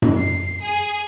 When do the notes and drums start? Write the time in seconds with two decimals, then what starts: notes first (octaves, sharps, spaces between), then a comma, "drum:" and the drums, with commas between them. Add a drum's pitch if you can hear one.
0.02 drum: tom F#2
0.18 C7
0.62 G#4